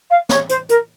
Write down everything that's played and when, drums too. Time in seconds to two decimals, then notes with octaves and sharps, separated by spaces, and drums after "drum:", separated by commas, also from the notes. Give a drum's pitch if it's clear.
0.10 F5
0.29 C#5, drum: snare
0.49 C5, drum: hi-hat
0.69 A#4, drum: hi-hat